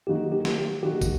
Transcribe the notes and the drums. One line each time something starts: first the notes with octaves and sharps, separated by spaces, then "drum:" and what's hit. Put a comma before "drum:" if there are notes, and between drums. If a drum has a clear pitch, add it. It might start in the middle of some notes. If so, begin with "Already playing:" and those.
D#3 F#3 A#3 D#4 F#4 G4
G4
drum: snare
G4
D#3 F#3 A#3 D#4 F#4 G4
drum: kick, tambourine